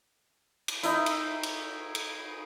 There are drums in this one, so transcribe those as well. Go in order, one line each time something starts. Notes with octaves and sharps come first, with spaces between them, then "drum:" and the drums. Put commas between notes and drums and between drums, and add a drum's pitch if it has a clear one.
drum: cymbal
D#4 E4, drum: hi-hat
drum: cymbal
drum: cymbal
drum: cymbal